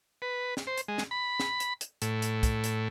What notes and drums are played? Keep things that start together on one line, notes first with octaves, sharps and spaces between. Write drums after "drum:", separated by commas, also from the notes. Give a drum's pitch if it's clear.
B4
drum: snare
C5
drum: hi-hat
G#3
drum: snare
B5
drum: snare
drum: hi-hat
drum: hi-hat
A2, drum: hi-hat
drum: hi-hat
drum: kick, hi-hat
drum: hi-hat